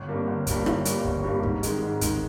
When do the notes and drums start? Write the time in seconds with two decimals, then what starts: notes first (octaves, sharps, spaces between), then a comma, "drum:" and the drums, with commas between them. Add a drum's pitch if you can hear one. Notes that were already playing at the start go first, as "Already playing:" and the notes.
Already playing: G1
0.08 G2 G3 A#3
0.28 G1
0.47 G2 G3 A#3, drum: kick, hi-hat
0.66 G1, drum: rim click
0.85 G2 G3 A#3, drum: hi-hat
1.05 G1, drum: kick
1.24 G2 G3 A#3
1.43 G#2, drum: kick
1.63 D#3 G#3, drum: hi-hat
1.82 G#2
2.01 D#3 G#3, drum: kick, hi-hat